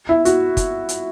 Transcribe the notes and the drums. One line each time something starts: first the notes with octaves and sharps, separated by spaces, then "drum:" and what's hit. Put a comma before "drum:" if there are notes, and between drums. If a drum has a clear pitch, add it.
E4
F#4, drum: hi-hat
drum: kick, hi-hat
drum: hi-hat